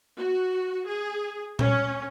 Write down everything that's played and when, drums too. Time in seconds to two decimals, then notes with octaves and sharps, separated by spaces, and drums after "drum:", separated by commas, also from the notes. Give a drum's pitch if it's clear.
0.17 F#4
0.87 G#4
1.59 C#4, drum: tom A#2